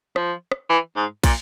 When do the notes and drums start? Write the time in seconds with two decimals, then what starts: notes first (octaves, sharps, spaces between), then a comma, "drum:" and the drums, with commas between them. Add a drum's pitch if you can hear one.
0.16 F3, drum: rim click
0.52 drum: rim click
0.69 E3
0.96 G#2
1.24 A#2, drum: kick, cymbal